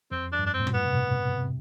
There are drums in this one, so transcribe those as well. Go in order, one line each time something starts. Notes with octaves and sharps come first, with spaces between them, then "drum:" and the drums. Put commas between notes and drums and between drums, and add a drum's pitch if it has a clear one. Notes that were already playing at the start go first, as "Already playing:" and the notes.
F2 C4
F2 D4
G2
D4
C4
A2
G2, drum: tom
B3
C3
B2
C3